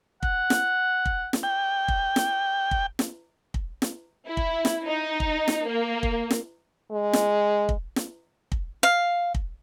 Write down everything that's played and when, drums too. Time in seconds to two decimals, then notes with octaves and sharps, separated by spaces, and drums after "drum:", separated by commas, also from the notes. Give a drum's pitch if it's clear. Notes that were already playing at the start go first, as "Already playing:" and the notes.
0.23 F#5, drum: kick
0.50 drum: snare
1.05 drum: kick
1.33 drum: snare
1.43 G5
1.88 drum: kick
2.16 drum: snare
2.71 drum: kick
2.99 drum: snare
3.54 drum: kick
3.82 drum: snare
4.27 E4
4.37 drum: kick
4.65 drum: snare
4.86 D#4
5.20 drum: kick
5.48 drum: snare
5.67 A#3
6.03 drum: kick
6.31 drum: snare
6.91 G#3
7.13 drum: snare
7.69 drum: kick
7.96 drum: snare
8.52 drum: kick
8.83 F5
9.34 drum: kick